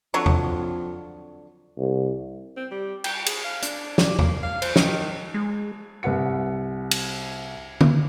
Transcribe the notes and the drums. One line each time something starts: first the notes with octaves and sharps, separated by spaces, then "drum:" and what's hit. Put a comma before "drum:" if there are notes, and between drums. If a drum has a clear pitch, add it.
F2 D3 F#3 C#6
drum: tom E2
C2
C4
G3
G5, drum: cymbal
G#4, drum: cymbal
F5
D4, drum: hi-hat
D5, drum: snare
A#3, drum: tom E2
F5
C5, drum: cymbal
D#3, drum: snare
G#3
C2 B4 F#5 C#7
drum: cymbal
drum: tom D3